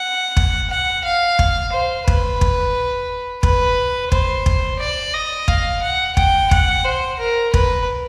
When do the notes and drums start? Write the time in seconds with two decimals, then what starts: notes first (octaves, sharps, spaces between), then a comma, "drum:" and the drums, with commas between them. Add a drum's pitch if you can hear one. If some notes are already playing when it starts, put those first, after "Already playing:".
Already playing: F#5
0.37 drum: kick
0.70 F#5
1.04 F5
1.39 drum: kick
1.72 C5
2.08 B4, drum: kick
2.41 drum: kick
3.43 B4, drum: kick
4.12 C5, drum: kick
4.46 drum: kick
4.79 D5
5.14 D#5
5.48 F5, drum: kick
5.82 F#5
6.17 G5, drum: kick
6.51 F#5, drum: kick
6.85 C5
7.19 A#4
7.54 B4, drum: kick